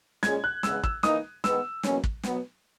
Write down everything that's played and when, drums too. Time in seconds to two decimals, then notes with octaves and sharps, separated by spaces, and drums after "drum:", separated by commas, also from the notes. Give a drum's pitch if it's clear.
0.23 A#2 G#3 C#4 G#4 G#6, drum: snare
0.44 F#6
0.63 E2 C#3 G#3 B3 E6, drum: snare
0.84 E6, drum: kick
1.03 E3 A#3 D#4 D#6, drum: snare
1.44 D#3 G#3 B3 E6, drum: snare
1.83 E2 B2 F#3 A#3 C#4, drum: snare
2.04 drum: kick
2.23 B2 F#3 B3, drum: snare